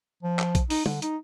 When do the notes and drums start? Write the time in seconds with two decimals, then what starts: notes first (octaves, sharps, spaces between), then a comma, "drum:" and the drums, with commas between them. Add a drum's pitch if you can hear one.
0.23 F3
0.39 drum: clap
0.55 drum: kick A#1, hi-hat
0.70 D#4, drum: open hi-hat
0.86 D3, drum: tom
1.02 D#4, drum: hi-hat